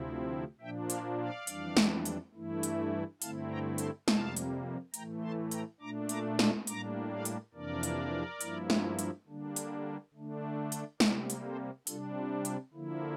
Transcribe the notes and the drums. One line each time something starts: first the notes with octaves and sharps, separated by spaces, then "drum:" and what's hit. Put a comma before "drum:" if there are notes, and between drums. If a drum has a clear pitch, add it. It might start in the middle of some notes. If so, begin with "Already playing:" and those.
Already playing: D2 C3 F3 C4 E4
A#2 F3 A#3 D4 E5 G5
D5 F5, drum: hi-hat
D5 F5
F2 E3 G3 D4, drum: hi-hat
drum: snare
drum: hi-hat
G2 E3 A3 E4
drum: hi-hat
G2 D3 A3 C4 E4 F5 A5, drum: hi-hat
G5 A#5
A5 C6, drum: hi-hat
F2 C3 G3 A#3 F5 A5, drum: snare
drum: hi-hat
A2 E3 A3 G5 A#5, drum: hi-hat
A5 C6
G5 A#5, drum: hi-hat
A#2 A3 D4 A#5 D6
A#5 D6, drum: hi-hat
C6 E6, drum: snare
A2 G3 A#3 D4 A#5 D6, drum: hi-hat
D5 F5
drum: hi-hat
F2 C3 E3 A#3 D4 A#4 D5
drum: hi-hat
G2 F3 A#3 E4, drum: hi-hat
drum: snare
drum: hi-hat
D3 G3 A#3 D4
drum: hi-hat
D3 A3 D4
drum: hi-hat
C3 G3 A#3 A#4 D5, drum: snare
drum: hi-hat
A4 C5
C3 G3 D4 F4 A4, drum: hi-hat
F4
F4, drum: hi-hat
D3 F3 A#3 E4